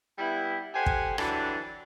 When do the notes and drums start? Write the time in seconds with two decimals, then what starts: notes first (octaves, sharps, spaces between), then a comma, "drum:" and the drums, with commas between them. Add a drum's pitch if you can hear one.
0.19 G3 B3 E4
0.74 G4 A4 C5 F#5 G#5
0.86 drum: kick
1.18 D3 E3 F#3 G3 D4, drum: rim click